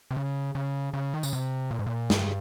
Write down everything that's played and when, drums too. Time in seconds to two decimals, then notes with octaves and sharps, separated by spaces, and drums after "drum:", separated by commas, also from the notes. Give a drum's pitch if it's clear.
0.11 C3
0.17 C#3
0.55 C#3
0.94 C#3
1.14 D#3
1.23 C#3, drum: tambourine
1.33 C3
1.71 A#2
1.79 G#2
1.86 A#2
2.10 G2, drum: snare